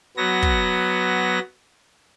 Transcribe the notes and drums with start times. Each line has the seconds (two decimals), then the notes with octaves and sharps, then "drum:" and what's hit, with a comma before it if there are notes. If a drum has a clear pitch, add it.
0.17 F#3 B3 A#6
0.42 drum: kick